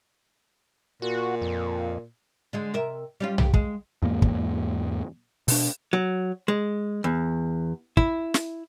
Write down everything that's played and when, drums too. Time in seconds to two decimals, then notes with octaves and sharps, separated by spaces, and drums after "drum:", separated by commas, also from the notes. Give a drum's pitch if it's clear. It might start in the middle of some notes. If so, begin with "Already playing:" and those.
1.02 A#2 F#4
1.42 F2
2.53 D3 G#3 G#4
2.74 C3 A#4 E5
3.20 G3 C#4 F4
3.38 G4, drum: tom B1
3.54 G#3 G#4, drum: kick
4.02 E2 G#2 A#3
4.22 drum: kick
5.48 B2 D4, drum: open hi-hat
5.93 F#3
6.48 G#3
7.04 E2
7.97 E4, drum: kick
8.34 drum: snare